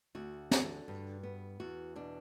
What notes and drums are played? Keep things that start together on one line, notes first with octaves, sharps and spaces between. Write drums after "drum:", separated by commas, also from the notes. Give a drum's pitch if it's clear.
D2 F#4
D3, drum: snare
G2
B3
E2 F#4
B2 D4